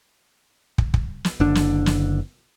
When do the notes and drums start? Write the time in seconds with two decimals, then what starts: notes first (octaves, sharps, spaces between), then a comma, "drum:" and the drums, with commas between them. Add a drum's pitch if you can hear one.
0.78 drum: kick
0.94 drum: kick
1.25 drum: snare
1.40 F#1 D3 D4
1.55 drum: snare
1.86 drum: snare